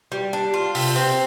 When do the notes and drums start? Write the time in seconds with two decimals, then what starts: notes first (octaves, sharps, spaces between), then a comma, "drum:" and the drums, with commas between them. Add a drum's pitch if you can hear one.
0.12 G3
0.33 D4
0.54 F4
0.75 C3, drum: open hi-hat
0.96 C4